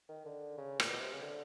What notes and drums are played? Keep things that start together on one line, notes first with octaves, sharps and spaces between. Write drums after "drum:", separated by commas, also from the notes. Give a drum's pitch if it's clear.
D#3
D3
C#3
A#2, drum: rim click
B2
C3
C#3
D3